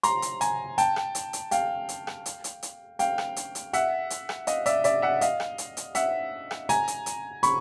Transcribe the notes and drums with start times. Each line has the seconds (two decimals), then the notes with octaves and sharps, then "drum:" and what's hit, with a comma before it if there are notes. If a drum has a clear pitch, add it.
0.03 A#5 C6, drum: hi-hat
0.22 drum: hi-hat
0.41 G#5 A#5, drum: hi-hat
0.78 G5 A5, drum: hi-hat
0.96 drum: rim click
1.15 drum: hi-hat
1.33 drum: hi-hat
1.51 F5 G5, drum: hi-hat
1.89 drum: hi-hat
2.07 drum: rim click
2.26 drum: hi-hat
2.44 drum: hi-hat
2.63 drum: hi-hat
2.99 F5 G5, drum: hi-hat
3.18 drum: rim click
3.36 drum: hi-hat
3.55 drum: hi-hat
3.73 E5 F#5, drum: hi-hat
4.10 drum: hi-hat
4.29 drum: rim click
4.47 D#5 F5, drum: hi-hat
4.66 D5 E5, drum: hi-hat
4.84 D5 E5, drum: hi-hat
5.02 E5 F#5
5.21 D#5 F5, drum: hi-hat
5.40 drum: rim click
5.58 drum: hi-hat
5.77 drum: hi-hat
5.95 E5 F#5, drum: hi-hat
6.51 drum: rim click
6.69 G#5 A#5, drum: hi-hat
6.88 drum: hi-hat
7.06 drum: hi-hat
7.43 B5 C#6, drum: hi-hat